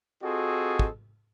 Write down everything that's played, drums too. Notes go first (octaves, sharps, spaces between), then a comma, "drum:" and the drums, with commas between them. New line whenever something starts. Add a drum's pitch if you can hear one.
C4 F4 F#4 G#4 A4 D#5
drum: kick